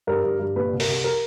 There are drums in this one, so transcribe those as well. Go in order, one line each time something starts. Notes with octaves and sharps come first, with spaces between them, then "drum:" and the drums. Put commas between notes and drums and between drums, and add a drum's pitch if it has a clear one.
G2 A#4
G2
G2
A#2 B4
C2
A#4, drum: open hi-hat
C2
A#4